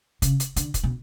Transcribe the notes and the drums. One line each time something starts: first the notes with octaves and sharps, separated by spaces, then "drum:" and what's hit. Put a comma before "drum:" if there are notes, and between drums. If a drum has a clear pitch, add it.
C#3, drum: kick, hi-hat
drum: hi-hat
D3, drum: hi-hat
drum: kick, hi-hat
B2